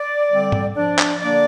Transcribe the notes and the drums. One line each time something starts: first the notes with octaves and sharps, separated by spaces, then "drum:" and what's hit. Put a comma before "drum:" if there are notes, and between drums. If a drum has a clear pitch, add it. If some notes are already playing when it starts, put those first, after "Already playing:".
Already playing: D5
D3 G3 C4
drum: tom G#2
F3 D4 D5
drum: clap
D3 A#3 D4 D5